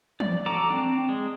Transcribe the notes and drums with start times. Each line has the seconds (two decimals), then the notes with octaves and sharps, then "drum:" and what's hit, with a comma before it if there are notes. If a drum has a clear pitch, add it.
0.20 D5, drum: tom
0.46 F#4 A4 A#5 D6
0.70 C4 D4
1.09 G#3